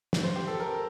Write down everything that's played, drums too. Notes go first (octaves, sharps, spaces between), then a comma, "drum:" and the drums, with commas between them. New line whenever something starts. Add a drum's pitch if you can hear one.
drum: snare
C5
G4
A4
A#4